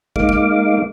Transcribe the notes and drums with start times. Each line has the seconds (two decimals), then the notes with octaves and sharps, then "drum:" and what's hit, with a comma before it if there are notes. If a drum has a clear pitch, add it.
0.16 G#3 A#3 D#4 F5 D6, drum: kick
0.29 drum: kick